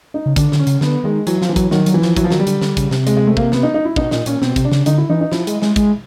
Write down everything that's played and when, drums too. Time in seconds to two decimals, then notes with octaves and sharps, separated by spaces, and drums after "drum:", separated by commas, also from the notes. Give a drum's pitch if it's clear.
0.14 D#4
0.26 C#3
0.36 D3 D4, drum: kick, hi-hat
0.52 D3, drum: snare
0.59 C#4
0.67 C#3, drum: hi-hat
0.81 D3 B3, drum: snare
1.04 D#3 G#3
1.27 E3 F#3, drum: hi-hat
1.42 F3, drum: snare
1.49 E3
1.56 F#3, drum: kick, hi-hat
1.71 D#3 F#3, drum: snare
1.86 F#3, drum: hi-hat
1.94 E3
2.02 F3, drum: snare
2.17 E3 F#3, drum: kick, hi-hat
2.24 F3
2.30 D#3 F#3, drum: snare
2.39 G3
2.47 D3, drum: hi-hat
2.61 D3, drum: snare
2.77 C#3, drum: kick, hi-hat
2.91 C3, drum: snare
3.07 G#3, drum: hi-hat
3.17 G#3
3.27 A3
3.37 A#3, drum: kick
3.52 B3, drum: snare
3.63 D#4
3.74 D#4
3.85 E4
3.96 B2 D#4, drum: kick
4.11 A#2 D#4, drum: snare
4.26 A#2 C#4, drum: hi-hat
4.42 B2 C4, drum: snare
4.56 C3, drum: kick, hi-hat
4.65 D4
4.72 C#3, drum: snare
4.86 D3 D#4, drum: hi-hat
4.98 E4
5.09 E3 D#4
5.21 D#4
5.32 F3 E4, drum: snare
5.47 G#3, drum: hi-hat
5.62 G#3, drum: snare
5.76 G#3, drum: kick, hi-hat